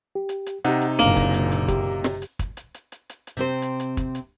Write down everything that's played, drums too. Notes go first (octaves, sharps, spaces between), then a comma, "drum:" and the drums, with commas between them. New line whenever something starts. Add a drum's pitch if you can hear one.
G4
drum: hi-hat
drum: hi-hat
C3 D#4 G4 F#5, drum: hi-hat
drum: hi-hat
F#1 A#2 A#3 D4, drum: hi-hat
drum: kick, hi-hat
drum: hi-hat
drum: hi-hat
G4, drum: kick, hi-hat
drum: snare
drum: hi-hat
drum: kick, hi-hat
drum: hi-hat
drum: hi-hat
drum: hi-hat
drum: hi-hat
drum: hi-hat
C3 C4 C5
drum: hi-hat
drum: hi-hat
drum: kick, hi-hat
drum: hi-hat